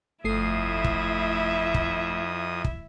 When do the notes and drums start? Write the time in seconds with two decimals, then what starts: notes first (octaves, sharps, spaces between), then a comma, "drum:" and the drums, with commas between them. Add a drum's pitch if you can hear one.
0.24 G1 F2 A3 E4 E5 D#6 C7
0.84 drum: kick
1.74 drum: kick
2.64 drum: kick